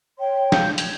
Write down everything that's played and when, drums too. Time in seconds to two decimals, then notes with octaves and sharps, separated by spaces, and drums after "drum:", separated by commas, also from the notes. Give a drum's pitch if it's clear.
0.19 C#5 G5 C6
0.52 F5 G6, drum: snare
0.78 G#6, drum: hi-hat